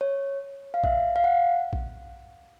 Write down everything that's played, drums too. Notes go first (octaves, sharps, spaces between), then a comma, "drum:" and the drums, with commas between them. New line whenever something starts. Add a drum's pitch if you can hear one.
C#5
F5
E5, drum: kick A#1
F5
F#5
drum: kick A#1